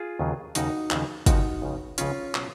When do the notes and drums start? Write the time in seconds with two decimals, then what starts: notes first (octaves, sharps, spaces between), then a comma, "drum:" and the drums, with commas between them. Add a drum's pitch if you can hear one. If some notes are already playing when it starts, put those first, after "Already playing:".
Already playing: F4 G#4
0.19 D#2 C#3 F#3
0.55 D#2 C#3 F#3 D#4 F#4, drum: hi-hat
0.91 D#2 C#3 F3, drum: clap
1.26 D#2 C#3 F3 D#4 F#4, drum: kick, hi-hat
1.62 C#2 C#3 F3
1.98 C#2 C#3 F3 C#4 F4, drum: hi-hat
2.35 B2 F#3, drum: clap